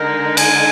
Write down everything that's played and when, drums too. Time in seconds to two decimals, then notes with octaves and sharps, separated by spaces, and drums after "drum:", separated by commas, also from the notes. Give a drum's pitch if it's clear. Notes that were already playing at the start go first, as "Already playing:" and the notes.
Already playing: D3 G#3 D#4 A#4
0.37 G#5, drum: cymbal